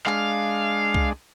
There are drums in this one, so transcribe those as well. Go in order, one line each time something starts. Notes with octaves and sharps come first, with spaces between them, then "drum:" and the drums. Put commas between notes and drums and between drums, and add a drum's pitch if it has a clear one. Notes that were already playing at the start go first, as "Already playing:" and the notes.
G#3 D4 F5, drum: clap
drum: kick C2